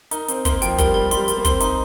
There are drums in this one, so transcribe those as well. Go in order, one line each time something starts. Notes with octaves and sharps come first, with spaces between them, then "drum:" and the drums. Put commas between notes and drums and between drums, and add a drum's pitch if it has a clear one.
D#4 A#4, drum: hi-hat
C4 A#4, drum: hi-hat
A#3 C6, drum: kick, hi-hat
F3 G5, drum: hi-hat
G3 A#4, drum: kick, hi-hat
G3 A#4
G3 C6, drum: hi-hat
G3 A#4, drum: hi-hat
A#3
C4 C6, drum: kick, hi-hat
D#4 C6, drum: hi-hat